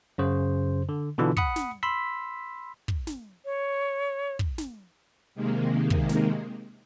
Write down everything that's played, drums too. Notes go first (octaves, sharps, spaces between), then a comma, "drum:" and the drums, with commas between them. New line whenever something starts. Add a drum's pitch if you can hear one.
F#2 C#3 C5
D3
B2 D3 E3 D4 F4
F#5 B5 D#6 C#7, drum: kick
drum: snare
B5 C6 E6 B6
drum: kick
drum: snare
C#5
drum: kick
drum: snare
C3 D#3 G#3 A#3
drum: kick
drum: snare